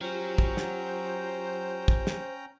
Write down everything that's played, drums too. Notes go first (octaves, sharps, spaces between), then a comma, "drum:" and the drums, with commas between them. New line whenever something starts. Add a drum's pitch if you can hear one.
F#3 C#4 F4 G4 C5 G5 A#5
drum: kick
drum: snare
drum: kick
drum: snare